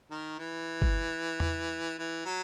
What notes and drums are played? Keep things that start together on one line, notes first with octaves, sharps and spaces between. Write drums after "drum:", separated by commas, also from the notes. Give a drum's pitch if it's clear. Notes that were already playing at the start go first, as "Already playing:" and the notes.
D#3
E3
drum: kick
drum: tom E2
E3
F#3